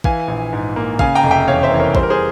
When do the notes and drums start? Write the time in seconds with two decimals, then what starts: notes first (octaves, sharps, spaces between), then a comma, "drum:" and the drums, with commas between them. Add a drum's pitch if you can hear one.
0.04 E3 F5 G#5, drum: kick
0.28 A#1
0.53 G#2
0.76 A#3
0.99 C#3 F5 G#5, drum: kick
1.15 G5 A#5
1.23 F1
1.31 E5 G5
1.48 E2 C#5 F5
1.63 C5 E5
1.71 E3
1.79 A#4 C#5
1.95 G3 C5, drum: kick
2.03 A#4
2.10 G#4 C5